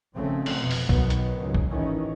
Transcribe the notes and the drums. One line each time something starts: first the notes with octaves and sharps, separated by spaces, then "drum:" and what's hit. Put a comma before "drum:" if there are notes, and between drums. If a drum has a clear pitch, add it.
G#1 C#3 F3 A3 C4
drum: cymbal
F1 B2 F3
drum: open hi-hat
B1 B2 D#3 F#3 B3, drum: kick
drum: hi-hat
C#2 G#2 F#3
drum: kick
G#1 A2 D#3 E3 C#4